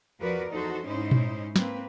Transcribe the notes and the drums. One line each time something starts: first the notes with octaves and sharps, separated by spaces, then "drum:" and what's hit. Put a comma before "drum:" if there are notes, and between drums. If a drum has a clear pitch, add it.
E2 F3 F#4 A#4 B4 D5
E2 D#4 F#4 A4 C5
G#2 C#4 D#4 E4 C5
drum: tom A#2
A#3 C4 B4, drum: snare